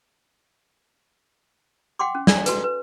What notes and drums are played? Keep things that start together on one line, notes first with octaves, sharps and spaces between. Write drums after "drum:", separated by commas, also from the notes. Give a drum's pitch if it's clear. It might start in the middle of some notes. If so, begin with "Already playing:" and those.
F#5 G5 C6 D6
C#4
D5 G#5, drum: snare
F#4 A4 B4, drum: hi-hat
B4